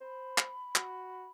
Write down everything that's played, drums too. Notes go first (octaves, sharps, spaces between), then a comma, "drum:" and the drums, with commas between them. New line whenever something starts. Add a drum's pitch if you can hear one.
C5 B5
drum: clap
F#4, drum: clap